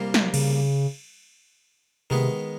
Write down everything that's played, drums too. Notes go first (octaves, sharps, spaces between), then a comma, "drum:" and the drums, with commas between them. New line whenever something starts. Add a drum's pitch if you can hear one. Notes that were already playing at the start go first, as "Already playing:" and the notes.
Already playing: C2 A#2 G3 A#3
drum: snare
C#3, drum: cymbal
C3 D#3 G#3 B3